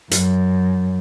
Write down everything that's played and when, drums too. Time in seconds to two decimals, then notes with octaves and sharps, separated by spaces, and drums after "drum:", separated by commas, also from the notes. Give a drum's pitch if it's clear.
0.11 F#2, drum: hi-hat